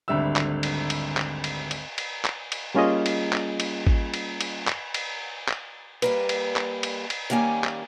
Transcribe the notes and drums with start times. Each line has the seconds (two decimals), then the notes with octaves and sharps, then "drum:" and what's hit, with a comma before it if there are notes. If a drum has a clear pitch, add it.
0.08 G#1 D2 D3 G3 E5 E6
0.36 drum: clap
0.63 drum: cymbal
0.90 drum: cymbal
1.17 drum: clap
1.44 drum: cymbal
1.71 drum: cymbal
1.98 drum: cymbal
2.25 drum: clap
2.52 drum: cymbal
2.75 G3 A#3 C#4 F4 G#4 D#5
3.06 drum: cymbal
3.33 drum: clap
3.60 drum: cymbal
3.87 drum: kick G#1
4.14 drum: cymbal
4.41 drum: cymbal
4.67 drum: clap
4.94 drum: cymbal
5.48 drum: clap
6.02 G3 A#3 B4, drum: cymbal
6.29 drum: cymbal
6.56 drum: clap
6.83 drum: cymbal
7.10 drum: cymbal
7.30 D#3 G3 A#3 C#4 G#5
7.64 drum: clap